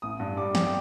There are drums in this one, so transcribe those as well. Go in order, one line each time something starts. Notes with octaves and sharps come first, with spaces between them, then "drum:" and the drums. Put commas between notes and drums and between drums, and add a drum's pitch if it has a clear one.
A1 D#6
G2
G3 D6
G3 G5, drum: snare